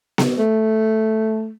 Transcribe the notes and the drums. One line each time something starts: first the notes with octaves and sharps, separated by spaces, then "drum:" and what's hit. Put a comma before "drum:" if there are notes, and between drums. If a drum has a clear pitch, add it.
drum: snare B3
A3